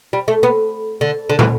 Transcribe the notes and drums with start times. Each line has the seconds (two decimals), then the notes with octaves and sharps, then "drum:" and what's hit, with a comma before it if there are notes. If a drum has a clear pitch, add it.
0.13 G3
0.28 A3
0.43 B3
1.01 D3
1.30 D3
1.39 E3, drum: tom